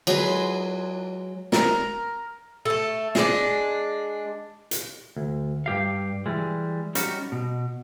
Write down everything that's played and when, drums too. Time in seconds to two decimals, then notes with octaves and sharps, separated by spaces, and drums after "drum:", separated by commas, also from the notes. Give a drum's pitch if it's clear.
0.07 F#3 G#3 B4 C6, drum: cymbal
1.52 A#4, drum: snare
2.65 A3 A4
3.15 G#3 D4, drum: snare
4.71 drum: hi-hat
5.16 D2
5.66 G2 G4 F5
6.26 E3 G3 G#3
6.95 G3 C#4 D#4 F#4, drum: hi-hat
7.32 B2